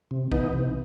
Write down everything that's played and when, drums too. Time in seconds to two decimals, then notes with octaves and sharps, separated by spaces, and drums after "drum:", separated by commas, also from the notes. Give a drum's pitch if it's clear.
0.11 C3
0.32 E3 B3 D#4, drum: kick B1
0.53 C3